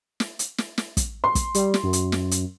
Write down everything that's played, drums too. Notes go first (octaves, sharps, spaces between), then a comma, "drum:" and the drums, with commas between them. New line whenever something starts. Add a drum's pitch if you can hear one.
drum: snare
drum: hi-hat
drum: snare
drum: snare
drum: kick, hi-hat
C6
drum: kick, hi-hat
G3, drum: hi-hat
drum: snare
F#2
drum: hi-hat
drum: snare
drum: hi-hat